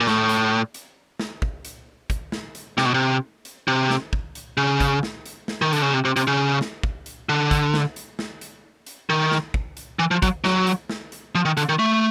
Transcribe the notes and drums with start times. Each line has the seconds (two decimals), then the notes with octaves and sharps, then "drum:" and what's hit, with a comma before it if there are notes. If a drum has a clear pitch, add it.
0.01 A#2
0.07 A2, drum: snare
0.29 drum: hi-hat
0.74 drum: hi-hat
1.19 drum: snare
1.42 drum: kick
1.65 drum: hi-hat
2.10 drum: kick, hi-hat
2.32 drum: snare
2.55 drum: hi-hat
2.78 C3, drum: snare
2.85 B2
2.94 C3
3.45 drum: hi-hat
3.68 C3
3.90 drum: snare
4.13 drum: kick
4.35 drum: hi-hat
4.57 C#3
4.80 drum: kick, hi-hat
5.03 drum: snare
5.26 drum: hi-hat
5.48 drum: snare
5.62 D#3
5.73 D3, drum: hi-hat
5.82 C#3
5.94 C3
6.05 C3
6.16 C3, drum: hi-hat
6.27 C#3
6.61 drum: snare
6.83 drum: kick
7.06 drum: hi-hat
7.29 D3
7.51 drum: kick, hi-hat
7.74 drum: snare
7.96 drum: hi-hat
8.19 drum: snare
8.41 drum: hi-hat
8.86 drum: hi-hat
9.10 D#3
9.32 drum: snare
9.54 drum: kick
9.77 drum: hi-hat
9.99 E3
10.11 F3
10.22 F#3, drum: kick, hi-hat
10.44 F#3, drum: snare
10.67 drum: hi-hat
10.90 drum: snare
11.12 drum: hi-hat
11.35 F3
11.45 D#3
11.57 D3, drum: hi-hat
11.69 D#3
11.79 A3